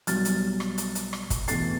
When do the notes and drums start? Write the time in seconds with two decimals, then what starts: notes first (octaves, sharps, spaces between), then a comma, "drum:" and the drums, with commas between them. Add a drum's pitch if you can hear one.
0.07 B1 B2 G3 F6 A6, drum: hi-hat
0.25 drum: hi-hat
0.60 drum: rim click
0.78 drum: hi-hat
0.95 drum: hi-hat
1.13 drum: rim click
1.30 drum: kick, hi-hat
1.48 E2 B2 A3 A6 C7, drum: hi-hat